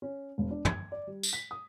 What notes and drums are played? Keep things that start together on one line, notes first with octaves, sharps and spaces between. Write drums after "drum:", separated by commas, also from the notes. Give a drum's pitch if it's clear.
C#4
E1
D4
G#6, drum: tom
D5
G3
drum: tambourine
B6
D#6